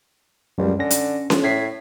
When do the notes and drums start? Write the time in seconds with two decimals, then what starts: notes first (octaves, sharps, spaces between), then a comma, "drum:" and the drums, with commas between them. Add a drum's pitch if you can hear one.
0.58 C#2 F#2 G3 G#3
0.79 D3 C#4 A#6
0.90 drum: hi-hat
1.30 drum: snare C#4
1.44 A2 G#6 B6 C7